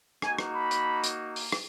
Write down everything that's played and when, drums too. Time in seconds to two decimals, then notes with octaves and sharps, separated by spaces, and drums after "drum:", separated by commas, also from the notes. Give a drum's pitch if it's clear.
0.22 A#3 D#4 F#4 G#5, drum: rim click
0.39 drum: rim click
0.55 B5
0.71 drum: hi-hat
1.04 drum: hi-hat
1.36 drum: open hi-hat
1.52 drum: rim click